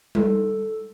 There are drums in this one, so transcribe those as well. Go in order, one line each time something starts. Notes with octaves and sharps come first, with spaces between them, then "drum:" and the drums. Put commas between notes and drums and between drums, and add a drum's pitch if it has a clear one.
A4, drum: tom G3